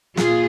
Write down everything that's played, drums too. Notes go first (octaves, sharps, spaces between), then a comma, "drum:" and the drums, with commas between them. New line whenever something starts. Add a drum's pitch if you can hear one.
A#2 F4 G#4, drum: snare